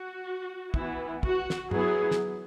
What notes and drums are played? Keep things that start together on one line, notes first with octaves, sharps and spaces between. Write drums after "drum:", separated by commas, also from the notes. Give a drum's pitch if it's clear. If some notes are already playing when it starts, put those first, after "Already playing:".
Already playing: F#4
E3 B3 E4, drum: kick
F#4, drum: kick
drum: snare
F#3 B3 E4 G#4, drum: tom
drum: snare